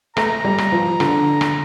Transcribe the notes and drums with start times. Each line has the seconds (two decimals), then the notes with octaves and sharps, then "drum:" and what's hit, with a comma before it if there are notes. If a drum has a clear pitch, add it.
0.17 A3 A#5, drum: rim click
0.45 G3
0.58 drum: rim click
0.72 F3
1.00 D3, drum: rim click
1.41 drum: rim click